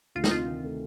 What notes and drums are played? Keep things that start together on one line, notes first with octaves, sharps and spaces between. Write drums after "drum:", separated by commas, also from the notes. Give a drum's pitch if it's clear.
D2 F4
D#4, drum: snare
C3 F4
D#3
A3